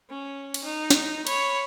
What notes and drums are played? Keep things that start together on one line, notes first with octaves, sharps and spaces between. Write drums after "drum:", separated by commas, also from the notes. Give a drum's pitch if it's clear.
C#4
drum: cymbal
D#4
drum: snare
C#5 B5, drum: cymbal